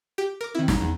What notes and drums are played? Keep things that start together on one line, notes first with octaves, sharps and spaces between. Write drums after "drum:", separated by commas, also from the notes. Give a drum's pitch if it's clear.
G4
A#4 D6
D#3 C4 E4
D#4, drum: snare
E2